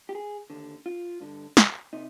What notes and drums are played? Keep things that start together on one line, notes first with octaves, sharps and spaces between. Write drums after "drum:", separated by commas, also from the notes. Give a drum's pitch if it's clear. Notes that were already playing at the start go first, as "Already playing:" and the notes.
G4
G#4
D#2 D3
F4
G2 D3
drum: snare
C3 D#4